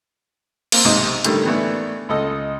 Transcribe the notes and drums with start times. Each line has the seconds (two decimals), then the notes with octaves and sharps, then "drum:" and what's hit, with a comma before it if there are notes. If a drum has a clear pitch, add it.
0.72 A#3 C4, drum: cymbal
0.84 B1 G#2 C3 C5 D#5
1.24 A2 D3 D#3 G3, drum: hi-hat
1.45 D#3 E3 A3 B3 D4
2.09 C#2 A4 D#5